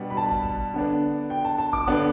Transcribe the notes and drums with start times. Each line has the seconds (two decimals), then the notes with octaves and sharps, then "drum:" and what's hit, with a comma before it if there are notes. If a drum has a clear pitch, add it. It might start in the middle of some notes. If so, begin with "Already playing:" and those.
Already playing: B2 G3 B3 D4
0.10 B5
0.17 A5
0.31 drum: kick
0.45 drum: kick
0.74 D3 B3 D4
1.30 G5
1.45 A5
1.59 A5
1.73 D6, drum: kick
1.87 D3 B3 D4 D6